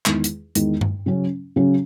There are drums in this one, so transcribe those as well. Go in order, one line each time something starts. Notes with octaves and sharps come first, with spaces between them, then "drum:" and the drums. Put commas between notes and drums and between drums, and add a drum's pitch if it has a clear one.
E2 D#3 G#3, drum: clap
drum: hi-hat
E2 D#3 G#3, drum: hi-hat
drum: tom G2
C#3 F#3 C#4
C#3 F#3 C#4